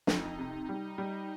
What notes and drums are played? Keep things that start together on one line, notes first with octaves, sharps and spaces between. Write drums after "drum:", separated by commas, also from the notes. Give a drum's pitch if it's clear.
F2 D#4, drum: snare
C3
G3
G3